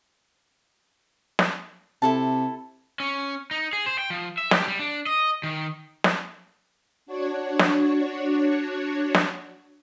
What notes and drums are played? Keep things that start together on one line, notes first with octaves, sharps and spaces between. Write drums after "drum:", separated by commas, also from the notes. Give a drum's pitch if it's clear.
drum: snare
C3 E4 A4 A5
C#4
D#4
G#4
C5
G5
F3
E5
G4, drum: snare
G3
D4
D#5
D#3
drum: snare
D4 F#4 C#5
drum: snare
drum: snare